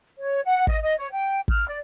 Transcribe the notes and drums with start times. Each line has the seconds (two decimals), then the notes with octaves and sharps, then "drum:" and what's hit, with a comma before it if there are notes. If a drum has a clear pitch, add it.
0.19 C#5
0.43 F#5
0.67 D#5, drum: kick
0.81 D#5
0.97 C#5
1.12 G5
1.48 F6, drum: kick
1.67 D5